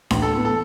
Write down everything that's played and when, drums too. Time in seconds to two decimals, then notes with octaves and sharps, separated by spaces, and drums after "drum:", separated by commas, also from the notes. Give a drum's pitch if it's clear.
0.11 A1, drum: snare D4
0.22 A4
0.33 A2 E3 B3 A4
0.45 A4